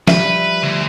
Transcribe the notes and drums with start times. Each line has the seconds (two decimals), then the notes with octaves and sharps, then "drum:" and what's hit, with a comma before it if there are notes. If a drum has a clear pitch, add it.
0.08 F3 G3 B4 E5, drum: snare
0.63 D2